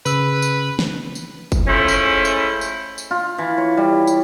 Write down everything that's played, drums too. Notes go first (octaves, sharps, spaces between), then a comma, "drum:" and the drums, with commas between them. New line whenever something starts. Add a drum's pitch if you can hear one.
C#3 B4 E6, drum: tambourine
drum: tambourine
drum: snare
drum: tambourine
drum: kick, tambourine
F3 G#3 A3 C#4 E4
drum: tambourine
drum: tambourine
drum: tambourine
drum: tambourine
F4
E3
C#5
G3
drum: tambourine